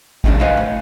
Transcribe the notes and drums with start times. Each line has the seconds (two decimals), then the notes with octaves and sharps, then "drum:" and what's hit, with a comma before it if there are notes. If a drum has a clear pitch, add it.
0.24 C3 D#3 G3 G#3 C#4 D4, drum: kick G#1
0.41 B4 C5 D#5 F5 G#5
0.57 A2